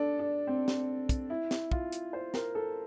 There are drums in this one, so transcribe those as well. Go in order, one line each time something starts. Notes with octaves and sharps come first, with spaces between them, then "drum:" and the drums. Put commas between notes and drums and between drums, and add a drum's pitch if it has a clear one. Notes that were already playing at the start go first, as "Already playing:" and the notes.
Already playing: D4 A4
D4
C4
drum: snare
drum: kick, hi-hat
E4
drum: snare
F4, drum: kick
drum: hi-hat
C5
A#4, drum: snare
A4